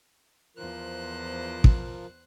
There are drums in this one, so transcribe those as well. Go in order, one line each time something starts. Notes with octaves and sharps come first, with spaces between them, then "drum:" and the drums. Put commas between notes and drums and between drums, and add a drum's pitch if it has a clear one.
E2 F3 F4 A#4 C5 F#6
drum: kick